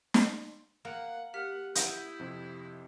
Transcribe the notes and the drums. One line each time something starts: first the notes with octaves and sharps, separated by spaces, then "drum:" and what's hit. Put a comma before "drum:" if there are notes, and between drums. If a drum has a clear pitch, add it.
drum: snare
A#3 F#5
G4 F#5 F6 B6
E4 F#5 D#6 G6, drum: hi-hat
F2 C3